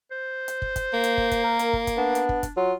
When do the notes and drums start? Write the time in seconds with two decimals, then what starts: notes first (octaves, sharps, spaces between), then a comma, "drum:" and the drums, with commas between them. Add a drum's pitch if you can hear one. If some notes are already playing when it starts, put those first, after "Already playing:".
0.11 C5
0.48 drum: hi-hat
0.62 drum: kick
0.76 drum: kick, hi-hat
0.93 A#3
1.04 drum: hi-hat
1.18 drum: kick
1.31 drum: kick, hi-hat
1.44 A#4
1.59 drum: hi-hat
1.73 drum: kick
1.87 drum: kick, hi-hat
1.97 B3 D4
2.15 drum: hi-hat
2.29 drum: kick
2.43 drum: kick, hi-hat
2.57 F#3 F4